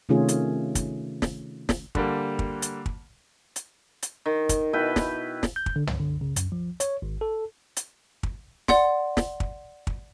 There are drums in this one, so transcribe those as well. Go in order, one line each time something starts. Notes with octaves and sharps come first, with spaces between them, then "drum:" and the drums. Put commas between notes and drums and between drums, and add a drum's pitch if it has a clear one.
C3 D#3 A3 C#4 F4 G#4
drum: hi-hat
drum: kick, hi-hat
drum: snare
drum: snare
D3 G3 A#3, drum: kick
drum: kick
drum: hi-hat
drum: kick
drum: hi-hat
drum: hi-hat
D#3
drum: kick, hi-hat
B2 E4 B4 G5
drum: snare
drum: snare
G6
drum: kick
D3
C#2, drum: tom
D3
C#3
F#2, drum: hi-hat
F3
C#5, drum: hi-hat
G#1
A4
drum: hi-hat
drum: kick
D5 F#5 C6, drum: snare
drum: snare
drum: kick
drum: kick